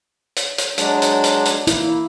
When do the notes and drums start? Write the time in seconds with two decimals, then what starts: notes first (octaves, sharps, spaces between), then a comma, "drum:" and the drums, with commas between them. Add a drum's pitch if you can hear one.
0.36 drum: hi-hat
0.58 drum: hi-hat
0.78 F#3 G#3 D4, drum: hi-hat
1.02 drum: hi-hat
1.24 drum: hi-hat
1.45 drum: hi-hat
1.67 A#3 E4, drum: hi-hat